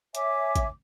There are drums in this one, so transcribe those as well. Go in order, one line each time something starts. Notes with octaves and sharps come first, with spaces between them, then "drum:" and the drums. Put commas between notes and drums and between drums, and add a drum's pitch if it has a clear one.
C#5 E5 G#5 D6, drum: hi-hat
drum: kick A1, hi-hat